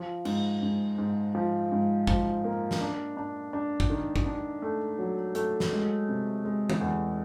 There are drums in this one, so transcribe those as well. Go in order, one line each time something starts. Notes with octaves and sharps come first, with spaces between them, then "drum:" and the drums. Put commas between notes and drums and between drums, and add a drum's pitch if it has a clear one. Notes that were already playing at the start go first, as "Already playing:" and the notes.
Already playing: F3
G#2, drum: cymbal
G#2
G#2
F3
G#2
F3, drum: kick
A#3
drum: snare
D4
D4
D4
drum: kick
D#3
drum: kick
D4
A3
F#3
A3, drum: hi-hat
drum: snare
G#3
C3
G#3
drum: tom D3
E2